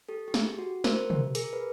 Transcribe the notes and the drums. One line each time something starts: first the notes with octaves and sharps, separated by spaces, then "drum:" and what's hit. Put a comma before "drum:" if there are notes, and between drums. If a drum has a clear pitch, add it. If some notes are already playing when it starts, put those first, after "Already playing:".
G4 A4
G4
G#4, drum: snare
F#4
A#4 C5, drum: snare
drum: tom
G#4 A#4, drum: hi-hat
B4